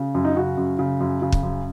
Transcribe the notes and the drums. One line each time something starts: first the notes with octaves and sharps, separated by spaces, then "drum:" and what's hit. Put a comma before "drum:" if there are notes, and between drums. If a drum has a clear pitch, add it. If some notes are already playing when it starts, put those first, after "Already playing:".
Already playing: C#3
F#2
D#4
C#3 F#4
F#2
C#3
F#2
C#3
drum: kick
F#2